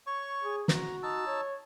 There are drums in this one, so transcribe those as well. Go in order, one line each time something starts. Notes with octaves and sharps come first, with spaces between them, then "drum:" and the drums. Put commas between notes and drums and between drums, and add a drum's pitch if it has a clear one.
C#5 C#6
G#4
F#4 A#5, drum: snare
D#4 A5 E6
C#5